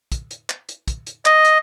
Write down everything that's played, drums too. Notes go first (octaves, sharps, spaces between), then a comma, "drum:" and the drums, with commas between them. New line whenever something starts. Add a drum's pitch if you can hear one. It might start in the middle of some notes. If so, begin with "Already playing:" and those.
drum: kick, hi-hat
drum: hi-hat
drum: clap
drum: hi-hat
drum: kick, hi-hat
drum: hi-hat
D#5, drum: clap
drum: hi-hat